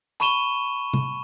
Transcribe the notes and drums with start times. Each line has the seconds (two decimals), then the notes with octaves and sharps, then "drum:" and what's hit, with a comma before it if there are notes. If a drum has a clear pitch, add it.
0.20 A5 B5 C#6 D#7 E7 G7, drum: hi-hat
0.94 drum: tom